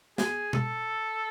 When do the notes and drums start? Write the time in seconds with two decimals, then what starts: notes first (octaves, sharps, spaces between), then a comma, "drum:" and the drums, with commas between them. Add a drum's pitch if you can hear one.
0.18 G#4, drum: snare
0.53 A4, drum: tom B2